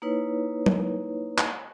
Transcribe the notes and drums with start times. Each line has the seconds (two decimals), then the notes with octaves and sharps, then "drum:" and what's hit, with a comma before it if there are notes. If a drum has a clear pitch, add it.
0.02 A#3 D#4 E4 B4 C#5
0.66 drum: tom F#3
1.38 drum: clap